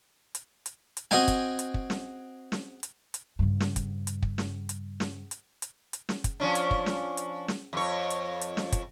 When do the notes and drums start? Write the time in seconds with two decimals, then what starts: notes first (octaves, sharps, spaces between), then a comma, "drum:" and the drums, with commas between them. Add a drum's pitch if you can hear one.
0.35 drum: hi-hat
0.66 drum: hi-hat
0.97 drum: hi-hat
1.11 C4 F#4 D#5 G5 G#5, drum: snare
1.28 drum: kick, hi-hat
1.59 drum: hi-hat
1.74 drum: kick
1.90 drum: snare
2.52 drum: snare
2.83 drum: hi-hat
3.14 drum: hi-hat
3.39 G2 C#3
3.60 drum: snare
3.76 drum: kick, hi-hat
4.07 drum: hi-hat
4.22 drum: kick
4.38 drum: snare
4.69 drum: hi-hat
5.00 drum: snare
5.31 drum: hi-hat
5.62 drum: hi-hat
5.93 drum: hi-hat
6.09 drum: snare
6.24 drum: kick, hi-hat
6.40 F3 C#4 D4
6.55 drum: hi-hat
6.71 drum: kick
6.86 drum: snare
7.17 drum: hi-hat
7.48 drum: snare
7.73 F2 C#5
8.10 drum: hi-hat
8.41 drum: hi-hat
8.57 drum: snare
8.72 drum: kick, hi-hat